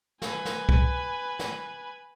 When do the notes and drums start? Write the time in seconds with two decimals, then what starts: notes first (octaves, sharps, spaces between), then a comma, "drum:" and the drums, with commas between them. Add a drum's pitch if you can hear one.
0.22 B4 G#5, drum: snare
0.45 drum: snare
0.69 drum: kick C2
1.39 drum: snare